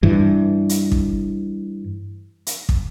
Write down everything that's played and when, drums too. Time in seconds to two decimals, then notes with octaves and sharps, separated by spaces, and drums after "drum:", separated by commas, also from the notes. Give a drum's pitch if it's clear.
0.03 G2 E3
0.69 drum: hi-hat
0.92 drum: kick
2.47 drum: hi-hat
2.69 drum: kick